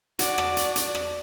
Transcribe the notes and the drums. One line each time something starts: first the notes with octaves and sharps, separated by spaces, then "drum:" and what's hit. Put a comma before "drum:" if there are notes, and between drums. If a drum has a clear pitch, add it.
D4 F#4 D5, drum: hi-hat
drum: rim click
drum: hi-hat
drum: hi-hat
drum: rim click